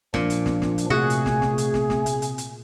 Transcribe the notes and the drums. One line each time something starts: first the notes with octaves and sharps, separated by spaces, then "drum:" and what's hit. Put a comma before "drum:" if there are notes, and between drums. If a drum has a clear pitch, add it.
A#2 F3 D4, drum: snare
drum: hi-hat
drum: snare
drum: snare
drum: hi-hat
C3 A3 F#4 G#4
drum: hi-hat
drum: snare
drum: snare
drum: hi-hat
drum: snare
drum: snare
drum: hi-hat
drum: hi-hat
drum: hi-hat